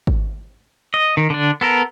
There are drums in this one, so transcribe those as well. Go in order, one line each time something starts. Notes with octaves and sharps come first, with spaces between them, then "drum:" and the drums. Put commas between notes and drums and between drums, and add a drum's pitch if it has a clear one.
drum: kick G#1
D#5
D#3
D3 D4
B3 A4 A#4